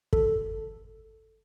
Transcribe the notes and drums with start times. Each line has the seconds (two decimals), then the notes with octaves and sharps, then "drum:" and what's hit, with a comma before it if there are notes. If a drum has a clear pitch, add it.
0.13 A4, drum: kick